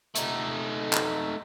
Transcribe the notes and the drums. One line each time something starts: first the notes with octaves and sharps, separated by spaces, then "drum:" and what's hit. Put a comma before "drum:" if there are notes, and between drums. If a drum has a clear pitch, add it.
A3 D#4, drum: hi-hat
drum: clap